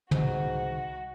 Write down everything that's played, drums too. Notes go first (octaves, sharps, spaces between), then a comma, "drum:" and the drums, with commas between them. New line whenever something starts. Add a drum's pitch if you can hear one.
C2 G#2 D#3 F#4, drum: tom